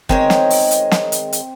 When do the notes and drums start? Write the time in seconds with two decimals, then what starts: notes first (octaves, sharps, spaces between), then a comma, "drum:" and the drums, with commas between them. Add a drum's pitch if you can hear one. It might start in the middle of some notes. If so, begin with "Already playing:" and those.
0.09 D#3 G#3 C4 C#5, drum: kick
0.30 drum: snare
0.50 drum: open hi-hat
0.71 drum: hi-hat
0.91 drum: snare
1.12 drum: hi-hat
1.33 drum: hi-hat